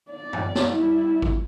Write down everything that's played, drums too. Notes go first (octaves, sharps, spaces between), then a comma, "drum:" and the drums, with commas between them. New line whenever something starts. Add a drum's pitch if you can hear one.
D5
drum: tom F#2
drum: snare
G3 E4
drum: kick G#1